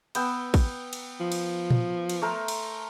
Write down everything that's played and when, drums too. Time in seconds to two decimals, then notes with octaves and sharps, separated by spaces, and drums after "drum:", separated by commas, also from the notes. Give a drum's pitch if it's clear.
0.15 B3 G5 E6, drum: cymbal
0.54 drum: kick, cymbal
0.93 drum: cymbal
1.20 F3
1.32 drum: cymbal
1.71 drum: tom A#2
2.09 drum: cymbal
2.22 A3 A#4 C5
2.48 drum: cymbal